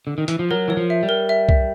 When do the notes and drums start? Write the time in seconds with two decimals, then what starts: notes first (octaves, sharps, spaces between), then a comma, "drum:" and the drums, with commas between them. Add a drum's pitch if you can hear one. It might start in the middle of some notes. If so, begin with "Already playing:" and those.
0.07 D3
0.18 D#3
0.28 E3, drum: hi-hat
0.39 F3
0.51 F#3 A#4
0.68 E3 C#5
0.77 F3
0.90 E5
1.03 G3
1.09 A#4
1.29 E5
1.49 E5, drum: kick C2